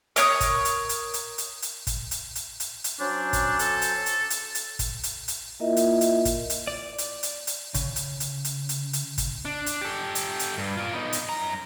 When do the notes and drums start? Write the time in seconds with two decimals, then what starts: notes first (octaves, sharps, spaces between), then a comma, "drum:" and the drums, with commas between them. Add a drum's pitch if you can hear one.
0.16 A#4 C#5 D#6, drum: hi-hat
0.41 drum: kick, hi-hat
0.65 drum: hi-hat
0.89 drum: hi-hat
1.14 drum: hi-hat
1.38 drum: hi-hat
1.62 drum: hi-hat
1.87 drum: kick, hi-hat
2.11 drum: hi-hat
2.35 drum: hi-hat
2.60 drum: hi-hat
2.84 drum: hi-hat
3.00 F#3 C#4 D4 C5
3.33 drum: kick, hi-hat
3.59 A4, drum: hi-hat
3.82 drum: hi-hat
4.06 drum: hi-hat
4.30 drum: hi-hat
4.55 drum: hi-hat
4.79 drum: kick, hi-hat
5.03 drum: hi-hat
5.28 drum: hi-hat
5.60 A#3 E4 F4 A#4 D#5 E5
5.77 drum: hi-hat
6.01 drum: hi-hat
6.25 drum: kick, hi-hat
6.50 drum: hi-hat
6.67 D5
6.98 drum: hi-hat
7.23 drum: hi-hat
7.47 drum: hi-hat
7.74 C#3, drum: kick, hi-hat
7.96 drum: hi-hat
8.20 drum: hi-hat
8.45 drum: hi-hat
8.69 drum: hi-hat
8.93 drum: hi-hat
9.18 drum: kick, hi-hat
9.45 D4
9.66 drum: hi-hat
9.82 G4 A4
10.15 drum: hi-hat
10.39 drum: hi-hat
10.58 G2
10.77 F4 D5
10.94 B3 D#4
11.13 drum: hi-hat
11.29 F#2 A#5